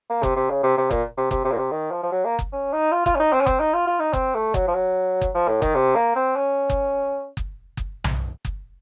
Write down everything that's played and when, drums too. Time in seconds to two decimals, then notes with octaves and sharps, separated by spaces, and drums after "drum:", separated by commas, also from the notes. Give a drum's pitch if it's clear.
0.10 A#3
0.23 C3, drum: kick F#1
0.36 C3
0.50 C#3
0.63 C3
0.78 C3
0.91 A#2, drum: kick F#1
1.17 C3
1.31 C3, drum: kick F#1
1.44 C3
1.52 A#2
1.57 C3
1.71 D#3
1.91 F3
2.03 F3
2.12 F#3
2.25 A#3
2.39 drum: kick F#1
2.53 C#4
2.73 D#4
2.92 F4
3.06 F4, drum: kick F#1
3.15 C#4
3.20 D#4
3.33 C4
3.41 C#4
3.46 C4, drum: kick F#1
3.60 D#4
3.74 F4
3.87 F4
4.00 D#4
4.13 C4, drum: kick F#1
4.35 A3
4.54 F#3, drum: kick F#1
4.68 F3
4.75 F#3
5.21 drum: kick F#1
5.35 F3
5.48 A2
5.62 D#3, drum: kick F#1
5.75 C3
5.95 A#3
6.15 C4
6.36 C#4
6.70 drum: kick F#1
7.37 drum: kick F#1
7.77 drum: kick F#1
8.04 drum: tom B1
8.45 drum: kick F#1